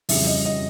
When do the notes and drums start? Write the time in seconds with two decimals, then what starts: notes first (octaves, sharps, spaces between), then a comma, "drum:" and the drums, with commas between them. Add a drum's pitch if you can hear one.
0.09 F2 C#3 E3 G3 E5, drum: open hi-hat
0.27 D#5
0.45 D#5